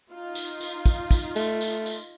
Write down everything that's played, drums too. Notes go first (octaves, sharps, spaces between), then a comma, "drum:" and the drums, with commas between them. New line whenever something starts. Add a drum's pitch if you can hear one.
D#4 F4
drum: tambourine
drum: tambourine
drum: kick, tambourine
drum: kick, tambourine
A3, drum: tambourine
drum: tambourine
drum: tambourine